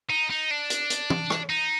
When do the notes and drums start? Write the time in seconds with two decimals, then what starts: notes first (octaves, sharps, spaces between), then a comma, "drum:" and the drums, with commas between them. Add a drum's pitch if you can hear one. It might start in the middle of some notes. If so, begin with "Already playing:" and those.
0.10 D#4
0.30 D#4
0.51 D4
0.70 drum: hi-hat
0.90 drum: hi-hat
1.10 drum: tom
1.30 drum: rim click
1.50 D#4